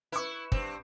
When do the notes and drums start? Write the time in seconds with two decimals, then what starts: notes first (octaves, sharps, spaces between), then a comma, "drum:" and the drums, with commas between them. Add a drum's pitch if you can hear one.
0.12 E4 B4 C#6
0.52 G2 C4, drum: kick